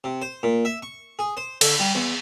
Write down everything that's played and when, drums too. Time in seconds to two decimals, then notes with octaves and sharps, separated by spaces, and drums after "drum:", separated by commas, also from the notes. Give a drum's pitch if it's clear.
0.04 C3
0.22 C5
0.43 A#2
0.65 E5
0.82 C#6
1.19 G#4
1.37 C5
1.61 D3, drum: cymbal
1.80 G3
1.95 E2